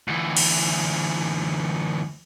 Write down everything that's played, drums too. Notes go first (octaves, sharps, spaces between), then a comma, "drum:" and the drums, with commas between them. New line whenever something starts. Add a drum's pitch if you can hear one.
D2 E3
drum: cymbal